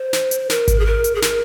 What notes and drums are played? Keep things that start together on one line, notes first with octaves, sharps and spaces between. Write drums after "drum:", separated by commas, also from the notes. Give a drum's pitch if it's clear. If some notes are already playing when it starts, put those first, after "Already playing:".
Already playing: C5
drum: snare
drum: hi-hat
A#4, drum: snare
drum: kick G#1, hi-hat
G#4
A#4
drum: hi-hat
G#4
A#4, drum: snare